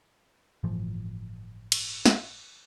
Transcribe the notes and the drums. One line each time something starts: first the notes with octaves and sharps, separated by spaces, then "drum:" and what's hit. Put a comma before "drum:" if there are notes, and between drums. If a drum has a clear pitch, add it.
G1 A2 E3 F3
drum: cymbal
drum: snare